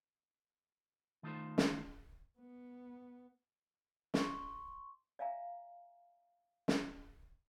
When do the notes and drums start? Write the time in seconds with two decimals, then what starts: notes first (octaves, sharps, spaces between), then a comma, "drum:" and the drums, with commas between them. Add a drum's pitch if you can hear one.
1.23 D#3 A3 D#4 F4 A4 C5
1.58 drum: snare
2.39 B3
4.14 C6 C#6, drum: snare
5.19 D5 E5 F5 G#5 A#5
6.68 drum: snare